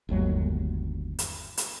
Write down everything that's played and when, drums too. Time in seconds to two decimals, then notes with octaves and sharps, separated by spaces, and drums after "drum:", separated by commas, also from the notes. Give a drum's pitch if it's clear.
0.09 G1 D#2 F#3 G#3
1.19 drum: hi-hat
1.57 drum: hi-hat